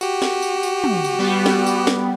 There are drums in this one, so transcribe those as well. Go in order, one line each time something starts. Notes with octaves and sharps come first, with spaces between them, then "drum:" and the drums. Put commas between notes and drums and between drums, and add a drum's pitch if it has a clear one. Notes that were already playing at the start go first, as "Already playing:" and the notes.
F#4 G4, drum: tambourine
drum: snare
drum: tambourine
drum: tambourine
drum: tom
drum: tambourine
G3 B3
drum: snare
drum: tambourine
drum: snare